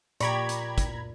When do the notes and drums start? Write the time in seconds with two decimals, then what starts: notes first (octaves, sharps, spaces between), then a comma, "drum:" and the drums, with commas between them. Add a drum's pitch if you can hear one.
0.20 A#2 G4 D5 A#5 B5 C#6 G#6, drum: hi-hat
0.49 drum: hi-hat
0.78 drum: kick, hi-hat